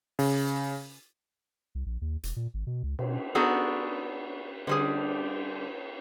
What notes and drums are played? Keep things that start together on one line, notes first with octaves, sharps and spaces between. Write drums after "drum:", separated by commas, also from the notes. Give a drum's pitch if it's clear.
C#3, drum: open hi-hat
C2
A#1
D#2
E1, drum: hi-hat
A#2
G#1
B2
C#2
B2, drum: cymbal
B3 D4 D#4 F#4 G#4 A4
D3 G3 G#4, drum: cymbal